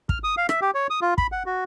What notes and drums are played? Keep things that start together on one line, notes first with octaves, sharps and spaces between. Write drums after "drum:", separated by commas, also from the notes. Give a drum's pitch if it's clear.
F6, drum: kick
D#6
F5
E5, drum: rim click
G4
C#5
D#6
F4
B5, drum: kick
F#5
F#4